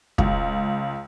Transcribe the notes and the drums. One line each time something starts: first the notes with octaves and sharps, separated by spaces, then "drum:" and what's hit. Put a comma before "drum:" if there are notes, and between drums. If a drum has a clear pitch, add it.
C#2, drum: kick